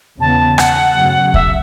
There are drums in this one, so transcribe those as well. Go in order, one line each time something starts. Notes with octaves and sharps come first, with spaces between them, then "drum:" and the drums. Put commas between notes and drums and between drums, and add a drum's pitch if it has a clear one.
E2 C#3 E3 B3 A5
F#5, drum: rim click
F#2 C#3 F#3 A3 C#4
E5, drum: kick